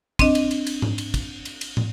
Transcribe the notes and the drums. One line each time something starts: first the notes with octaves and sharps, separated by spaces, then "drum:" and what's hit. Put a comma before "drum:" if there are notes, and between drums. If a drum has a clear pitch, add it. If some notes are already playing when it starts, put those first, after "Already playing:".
C4 D4 D#5, drum: kick, cymbal
drum: cymbal
drum: cymbal
drum: cymbal
drum: tom G#2
drum: cymbal
drum: kick, cymbal
drum: cymbal
drum: cymbal
drum: tom